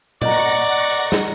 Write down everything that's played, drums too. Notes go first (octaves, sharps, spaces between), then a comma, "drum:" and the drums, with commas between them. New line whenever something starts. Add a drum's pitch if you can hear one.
D5 D#5 F#5 A#5 C#6 A#6, drum: tom A#2
drum: open hi-hat
drum: snare